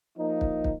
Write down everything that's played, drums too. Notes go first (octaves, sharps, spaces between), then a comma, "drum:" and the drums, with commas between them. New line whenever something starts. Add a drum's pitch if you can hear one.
F3 A#3 D#4
drum: kick
drum: kick